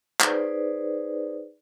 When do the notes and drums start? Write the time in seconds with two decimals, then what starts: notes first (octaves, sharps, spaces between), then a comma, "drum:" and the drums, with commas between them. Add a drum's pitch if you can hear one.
0.21 D#4 G#4 B4 C5 D5, drum: clap